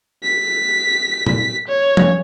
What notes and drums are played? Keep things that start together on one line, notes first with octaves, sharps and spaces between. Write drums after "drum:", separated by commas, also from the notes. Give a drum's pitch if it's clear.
B6
drum: tom A#2
C#5
drum: tom